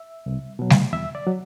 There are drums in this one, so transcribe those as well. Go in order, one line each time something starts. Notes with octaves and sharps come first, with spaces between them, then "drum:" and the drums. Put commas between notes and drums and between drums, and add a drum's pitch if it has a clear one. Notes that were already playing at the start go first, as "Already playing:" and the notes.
Already playing: E5
C2
B2 F#3
drum: snare G3
E2 E5
D5
F#3